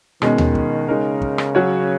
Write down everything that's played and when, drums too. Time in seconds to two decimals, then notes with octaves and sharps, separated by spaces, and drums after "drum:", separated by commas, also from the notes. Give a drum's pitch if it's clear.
0.22 B2 D#3 G#3 C#4, drum: rim click
0.38 drum: tom D#2
0.55 drum: kick
0.88 C#3 G#3 D#4 A#4
1.22 drum: kick
1.38 drum: rim click
1.55 F#3 C#4 F#4 C#5